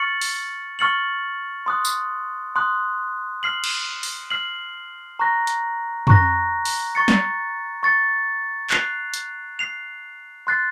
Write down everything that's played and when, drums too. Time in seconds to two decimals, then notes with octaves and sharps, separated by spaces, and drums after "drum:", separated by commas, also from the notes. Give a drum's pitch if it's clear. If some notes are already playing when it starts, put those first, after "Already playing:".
Already playing: C#6 F6 A6 C#7 F#7
0.21 drum: open hi-hat
0.79 C#6 F6 A6 C#7 F#7
1.66 C6 D#6 F#6
1.85 drum: tambourine
2.56 C6 D#6 F#6
3.43 F6 C7 F#7
3.64 drum: cymbal
4.03 drum: open hi-hat
4.30 F6 C7 F#7
5.19 A#5 C#6 F#6 A#6
5.47 drum: hi-hat
6.07 A#5 C#6 F#6 A#6, drum: tom
6.65 drum: open hi-hat
6.95 C#6 A6 C#7
7.08 drum: snare
7.83 C#6 A6 C#7
8.70 F#6 C7 F7, drum: clap
9.14 drum: hi-hat
9.59 F#6 C7 F7
10.47 C6 F#6 A6 C7